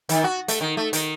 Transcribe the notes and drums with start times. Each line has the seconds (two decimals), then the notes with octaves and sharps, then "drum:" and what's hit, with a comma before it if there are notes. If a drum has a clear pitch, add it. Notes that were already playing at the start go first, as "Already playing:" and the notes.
0.09 D#3, drum: hi-hat
0.24 F#4
0.48 A3, drum: hi-hat
0.61 D#3
0.77 A3
0.93 D#3, drum: hi-hat